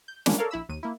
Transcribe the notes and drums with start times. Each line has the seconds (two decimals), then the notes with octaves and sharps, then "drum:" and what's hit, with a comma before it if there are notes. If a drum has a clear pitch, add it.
0.08 G6
0.26 G3 G#3 A#3 C#4 D4, drum: snare
0.38 A4 A#4 C#5 D5 F5
0.51 A#1 E4 B5 E6
0.69 D#2 D#7
0.83 A#3 E4